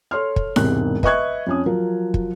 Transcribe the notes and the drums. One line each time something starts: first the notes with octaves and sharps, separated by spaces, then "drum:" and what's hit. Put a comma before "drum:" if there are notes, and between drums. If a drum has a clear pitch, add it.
A4 C#5 C6 F6
drum: kick
E1 C2 G#2 C3 F#6, drum: snare D#4
B4 D#5 E5 C#6 F#6 G#6, drum: kick
F2 C#4 D#6
F3 F#3 A#4
drum: kick